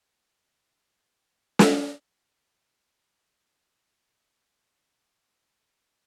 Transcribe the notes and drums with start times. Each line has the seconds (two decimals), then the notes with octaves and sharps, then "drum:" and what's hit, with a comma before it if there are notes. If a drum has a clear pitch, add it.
0.16 E3 A3 B4 E5
1.18 C#3
1.59 drum: snare
2.27 C#3
3.40 A#4 C#5 D#5 F7 F#7
3.88 C6 D7
5.05 C6 B6 D#7